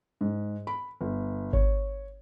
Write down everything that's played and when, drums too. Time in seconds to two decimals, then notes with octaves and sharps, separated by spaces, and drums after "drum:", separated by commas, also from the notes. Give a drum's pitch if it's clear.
0.21 G#2
0.67 B5
1.01 G1
1.53 C#5, drum: kick G#1